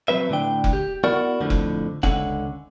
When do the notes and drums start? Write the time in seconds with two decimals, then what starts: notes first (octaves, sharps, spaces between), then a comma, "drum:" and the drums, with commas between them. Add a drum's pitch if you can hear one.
0.08 F#3 C4 B4 E5
0.29 A2 D3 D4 G5
0.64 drum: kick F1
0.73 G4
1.04 B3 E4 F#4 A#4 D5 F#5
1.41 F2 A2 D3 F3
1.50 drum: kick F1
2.03 C#2 D3 C#4 F#5, drum: kick F1